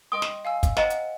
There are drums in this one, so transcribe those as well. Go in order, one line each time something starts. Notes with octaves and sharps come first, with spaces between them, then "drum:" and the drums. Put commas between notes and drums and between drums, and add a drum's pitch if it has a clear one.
D#5 G5 C6 D#6
drum: snare
F5 G#5 E6
drum: kick, hi-hat
C5 D#5 F#5 A#5, drum: snare
drum: hi-hat